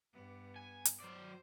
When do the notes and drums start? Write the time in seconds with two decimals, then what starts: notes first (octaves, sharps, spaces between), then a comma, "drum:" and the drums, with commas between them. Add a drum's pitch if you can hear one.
0.14 G2 B3
0.56 G#5
0.85 drum: hi-hat
1.00 F#3 C5 D5